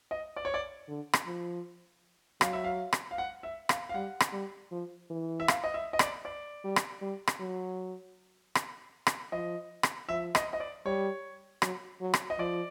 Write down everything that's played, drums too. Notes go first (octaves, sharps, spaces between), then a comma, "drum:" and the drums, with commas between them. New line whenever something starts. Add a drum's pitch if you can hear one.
D#5
D5
C#5
D5
D3
drum: rim click
F3
F#3 F5, drum: rim click
E5
F5
drum: rim click
F5
F#5
E5
F5, drum: rim click
F5
G3 F#5
drum: rim click
G3
F3
E3
E5
F5, drum: rim click
D#5
E5
D#5
D5, drum: rim click
D5
G3
drum: rim click
G3
drum: rim click
F#3
drum: rim click
drum: rim click
F3 D#5
drum: rim click
F3 E5
D#5, drum: rim click
D#5
D5
G3 C#5
F#3, drum: rim click
F#3
drum: rim click
D#5
F3 D5